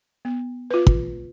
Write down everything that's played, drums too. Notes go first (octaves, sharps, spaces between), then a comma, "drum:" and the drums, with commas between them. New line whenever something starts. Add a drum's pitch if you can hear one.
B3
F4 B4
drum: kick